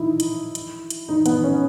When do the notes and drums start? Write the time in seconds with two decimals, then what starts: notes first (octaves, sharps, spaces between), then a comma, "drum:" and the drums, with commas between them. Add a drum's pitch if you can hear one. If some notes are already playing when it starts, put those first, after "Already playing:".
Already playing: D#4 E4
0.20 drum: hi-hat
0.55 drum: hi-hat
0.90 drum: hi-hat
1.08 D#4
1.26 B3, drum: hi-hat
1.44 C#4